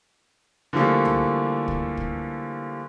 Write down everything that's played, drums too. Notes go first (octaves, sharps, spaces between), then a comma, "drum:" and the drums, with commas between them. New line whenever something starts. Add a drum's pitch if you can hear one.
D3 E3 F3 G3 A3 A#3
drum: tom
drum: kick
drum: kick